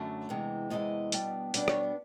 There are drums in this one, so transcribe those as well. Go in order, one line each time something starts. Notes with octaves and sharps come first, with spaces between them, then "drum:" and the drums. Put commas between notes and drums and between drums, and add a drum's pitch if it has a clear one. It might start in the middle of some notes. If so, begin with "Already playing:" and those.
Already playing: F#2 D3 F#3 A3 E5
E2 C3 E3 G#3
E2 C3 E3 G#3 D#5
B2 G3 B3 D4, drum: hi-hat
B2 G3 B3 D4 D5, drum: hi-hat
C#5, drum: rim click